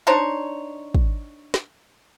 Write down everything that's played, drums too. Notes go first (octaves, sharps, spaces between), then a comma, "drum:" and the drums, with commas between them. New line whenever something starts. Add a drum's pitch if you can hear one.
D4 D#4 C5 C#5
drum: kick
drum: snare